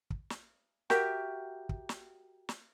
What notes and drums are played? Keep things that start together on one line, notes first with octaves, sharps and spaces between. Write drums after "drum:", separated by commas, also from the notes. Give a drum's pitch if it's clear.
drum: kick
drum: snare
F#4 G4 A#4 E5, drum: snare
drum: kick
drum: snare
drum: snare